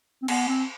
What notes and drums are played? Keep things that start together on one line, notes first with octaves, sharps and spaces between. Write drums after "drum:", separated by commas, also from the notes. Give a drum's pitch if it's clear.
C4
B3, drum: cymbal
C4